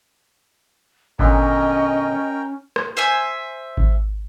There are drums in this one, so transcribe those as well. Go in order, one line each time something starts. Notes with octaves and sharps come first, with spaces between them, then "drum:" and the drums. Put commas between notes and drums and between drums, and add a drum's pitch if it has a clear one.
A#2 D3 B3 C#4 A#4 D#5 G5, drum: kick G#1
drum: rim click
C5 E5 G#5
drum: kick G#1